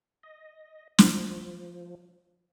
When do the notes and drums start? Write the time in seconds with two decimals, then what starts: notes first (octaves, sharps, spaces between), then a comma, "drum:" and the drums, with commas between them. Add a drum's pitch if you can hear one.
0.23 D#5
0.99 F3, drum: snare